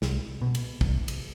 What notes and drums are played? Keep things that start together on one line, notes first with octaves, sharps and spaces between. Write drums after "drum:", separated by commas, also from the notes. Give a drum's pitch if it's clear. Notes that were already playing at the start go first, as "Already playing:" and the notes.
C2, drum: snare
B2
drum: cymbal
C2, drum: kick
drum: cymbal